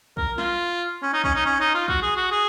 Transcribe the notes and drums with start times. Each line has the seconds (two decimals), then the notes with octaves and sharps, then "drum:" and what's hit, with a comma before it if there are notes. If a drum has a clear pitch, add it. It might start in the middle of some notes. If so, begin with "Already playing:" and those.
0.17 A#4, drum: kick
0.38 F4, drum: snare
1.02 C#4
1.13 D#4
1.24 C#4, drum: kick
1.35 D#4
1.46 C#4
1.60 D#4
1.74 F4
1.88 F#4, drum: kick
2.02 G#4
2.17 F#4
2.31 G#4